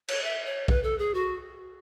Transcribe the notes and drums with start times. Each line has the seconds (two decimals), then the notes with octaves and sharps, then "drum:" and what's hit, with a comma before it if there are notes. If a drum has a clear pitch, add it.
0.08 C#5, drum: cymbal
0.24 E5
0.46 C#5
0.68 B4, drum: kick A#1
0.83 A4
0.99 G#4
1.14 F#4